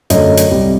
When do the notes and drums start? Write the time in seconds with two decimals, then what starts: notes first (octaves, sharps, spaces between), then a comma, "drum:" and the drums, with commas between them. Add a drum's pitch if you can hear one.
0.10 F#2 D3 A3 D#5, drum: hi-hat
0.37 drum: hi-hat
0.51 C2 C3 G3